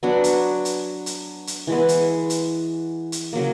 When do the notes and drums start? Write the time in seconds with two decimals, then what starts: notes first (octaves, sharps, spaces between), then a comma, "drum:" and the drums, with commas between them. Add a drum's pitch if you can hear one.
0.03 F#3 B3 D4 F#4
0.24 drum: hi-hat
0.65 drum: hi-hat
1.06 drum: hi-hat
1.47 drum: hi-hat
1.67 E3 G#3 B3
1.89 drum: hi-hat
2.30 drum: hi-hat
3.12 drum: hi-hat
3.33 C#3 F#3 A#3